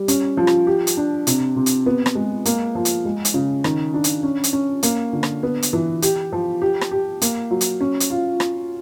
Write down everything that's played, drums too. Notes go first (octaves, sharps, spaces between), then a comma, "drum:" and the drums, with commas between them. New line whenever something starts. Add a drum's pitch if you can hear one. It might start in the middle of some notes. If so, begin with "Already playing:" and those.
Already playing: G3
C#4, drum: hi-hat
F3
drum: rim click
G4
drum: hi-hat
D4
C3, drum: hi-hat
C3
drum: hi-hat
B3
drum: rim click
G#3
A#3, drum: hi-hat
F3
drum: hi-hat
G#3
drum: hi-hat
C#3
D#3, drum: rim click
D4
drum: hi-hat
C#4
drum: hi-hat
C#4
A#3, drum: hi-hat
D3
drum: rim click
B3
drum: hi-hat
E3
G4, drum: hi-hat
F3
G4
drum: rim click
G4
A#3, drum: hi-hat
F#3
drum: hi-hat
C#4
drum: hi-hat
F4
drum: rim click